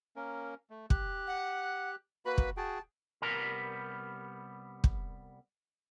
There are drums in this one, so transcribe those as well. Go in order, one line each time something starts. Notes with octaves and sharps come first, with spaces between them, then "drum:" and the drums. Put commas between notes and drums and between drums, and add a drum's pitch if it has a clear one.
A#3 C#4 A#4
A3
G4 F#6, drum: kick
F#5
A#3 F#4 B4 B5
drum: kick
F#4 G#4 G5 A5
C2 G3 B3 A#4 A#5
drum: kick